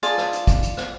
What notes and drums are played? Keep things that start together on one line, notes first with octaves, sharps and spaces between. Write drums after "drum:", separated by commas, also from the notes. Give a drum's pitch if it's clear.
F4 G#4 D5 A5, drum: hi-hat
drum: rim click
drum: hi-hat
drum: kick, hi-hat
drum: hi-hat
drum: rim click